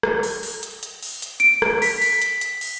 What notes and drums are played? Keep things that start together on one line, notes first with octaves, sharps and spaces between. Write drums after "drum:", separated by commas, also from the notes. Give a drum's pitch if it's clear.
drum: rim click
drum: open hi-hat
drum: open hi-hat
drum: hi-hat
drum: hi-hat
drum: open hi-hat
drum: hi-hat
D7, drum: hi-hat
drum: rim click
B6, drum: open hi-hat
drum: open hi-hat
drum: hi-hat
drum: hi-hat
drum: open hi-hat